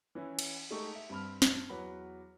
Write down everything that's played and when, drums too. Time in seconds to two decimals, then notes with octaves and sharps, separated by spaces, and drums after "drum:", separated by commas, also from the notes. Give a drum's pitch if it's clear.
0.15 E3 C#4 E4
0.39 drum: cymbal
0.71 G#3 A3 D#4 G4 C#6
0.95 E5
1.10 G2 C4 B5 F6
1.42 drum: snare
1.69 E2 F#3 B4 B5